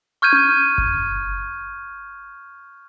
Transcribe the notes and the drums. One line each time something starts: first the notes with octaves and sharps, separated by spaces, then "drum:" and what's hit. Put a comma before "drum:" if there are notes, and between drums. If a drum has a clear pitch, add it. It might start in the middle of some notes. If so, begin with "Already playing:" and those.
C#6 F6 G6 G#6 D#7
drum: tom C#4
drum: kick F#1